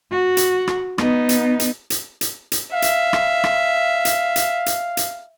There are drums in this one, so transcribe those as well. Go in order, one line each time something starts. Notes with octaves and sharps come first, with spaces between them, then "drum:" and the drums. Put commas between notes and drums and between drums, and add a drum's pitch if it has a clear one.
F#4
drum: hi-hat
drum: rim click
B3 D#4, drum: rim click
drum: hi-hat
drum: hi-hat
drum: hi-hat
drum: hi-hat
drum: hi-hat
E5 F5
drum: hi-hat
drum: rim click
drum: rim click
drum: hi-hat
drum: hi-hat
drum: hi-hat
drum: hi-hat